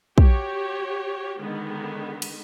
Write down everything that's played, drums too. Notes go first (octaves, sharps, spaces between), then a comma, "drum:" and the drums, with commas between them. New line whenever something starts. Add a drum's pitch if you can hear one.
F#4 G4 C#5, drum: kick
D3 D#3 G#3 B3 D#4
drum: cymbal